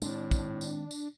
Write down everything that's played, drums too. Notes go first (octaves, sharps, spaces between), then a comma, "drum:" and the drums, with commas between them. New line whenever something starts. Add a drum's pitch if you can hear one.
A2 D#3 G#3 B3 C4 D4, drum: tambourine
drum: kick, tambourine
drum: tambourine
drum: tambourine